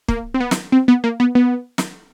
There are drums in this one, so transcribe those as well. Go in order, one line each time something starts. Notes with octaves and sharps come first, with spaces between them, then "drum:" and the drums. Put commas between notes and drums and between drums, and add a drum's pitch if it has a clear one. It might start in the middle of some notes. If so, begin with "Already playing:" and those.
A#3, drum: kick
C4
B3
drum: snare
C4
B3
A#3
B3
B3
drum: snare